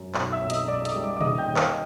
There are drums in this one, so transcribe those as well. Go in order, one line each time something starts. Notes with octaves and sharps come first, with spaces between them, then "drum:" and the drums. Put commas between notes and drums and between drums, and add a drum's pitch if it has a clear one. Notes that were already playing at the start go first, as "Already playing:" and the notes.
Already playing: F#2
B1, drum: clap
E5 E6
B1
D#5 D#6, drum: hi-hat
B1 D5 D6
D6
D#5 D#6, drum: hi-hat
G3
D5 D6
D6
D#2 D#5 D#6, drum: tom
G5 G6
D#2
F5 F6, drum: clap